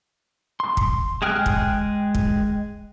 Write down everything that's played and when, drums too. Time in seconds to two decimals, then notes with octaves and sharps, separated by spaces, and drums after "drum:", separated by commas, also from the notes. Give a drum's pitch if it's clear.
0.60 C6
0.77 drum: kick
1.22 G#3 G#4 G5 F6 F#6
1.46 drum: kick
2.15 drum: kick